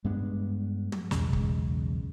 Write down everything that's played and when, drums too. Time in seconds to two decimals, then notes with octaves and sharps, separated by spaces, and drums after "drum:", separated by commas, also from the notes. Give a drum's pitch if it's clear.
0.04 G2 G#3 B3 D4
0.92 drum: tom
1.11 B1 E2 C#3 G#3, drum: snare
1.33 drum: kick